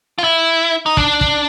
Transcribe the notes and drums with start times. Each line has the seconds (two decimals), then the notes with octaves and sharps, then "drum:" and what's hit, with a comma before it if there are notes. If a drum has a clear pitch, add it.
0.18 F4
0.24 E4
0.86 D#4
0.97 D4, drum: kick
1.21 drum: kick